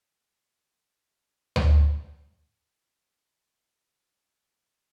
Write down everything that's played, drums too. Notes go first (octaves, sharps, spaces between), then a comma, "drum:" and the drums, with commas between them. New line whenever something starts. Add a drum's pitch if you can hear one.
D#4 F4 G4 C5 C#5 F5
drum: tom D2
C2 C4 A#4